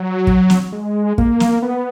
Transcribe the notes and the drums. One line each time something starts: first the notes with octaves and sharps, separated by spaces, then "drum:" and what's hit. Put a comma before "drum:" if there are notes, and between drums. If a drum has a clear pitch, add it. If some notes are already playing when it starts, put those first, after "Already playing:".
Already playing: F#3
drum: kick
drum: snare
G#3
A#3, drum: kick
drum: snare
B3